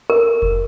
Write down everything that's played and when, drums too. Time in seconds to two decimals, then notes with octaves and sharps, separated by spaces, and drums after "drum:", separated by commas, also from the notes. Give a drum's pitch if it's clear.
0.10 A#4
0.42 drum: kick F1